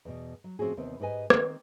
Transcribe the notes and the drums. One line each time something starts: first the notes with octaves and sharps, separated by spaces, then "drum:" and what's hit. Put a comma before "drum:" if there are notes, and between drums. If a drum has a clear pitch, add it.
E2 B2
F#3
A2 F3 C4 C#4 F#4 G#4
D#2 C3 E3 B3 C4
G#2 G4 B4 D#5 G#5
D#3 C4, drum: rim click